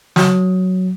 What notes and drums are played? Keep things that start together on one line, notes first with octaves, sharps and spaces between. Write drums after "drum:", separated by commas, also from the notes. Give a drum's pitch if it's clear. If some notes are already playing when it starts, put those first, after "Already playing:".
F#3, drum: snare